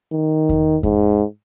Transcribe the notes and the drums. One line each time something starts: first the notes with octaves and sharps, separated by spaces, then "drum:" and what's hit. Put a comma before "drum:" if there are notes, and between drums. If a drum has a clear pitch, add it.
D#3
drum: kick E2
G#2, drum: kick E2